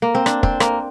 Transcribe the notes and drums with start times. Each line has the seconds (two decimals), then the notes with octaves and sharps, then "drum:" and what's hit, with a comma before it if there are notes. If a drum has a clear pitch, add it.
0.02 A#3
0.15 C4
0.26 D4, drum: rim click
0.43 C4, drum: kick
0.60 A#3, drum: rim click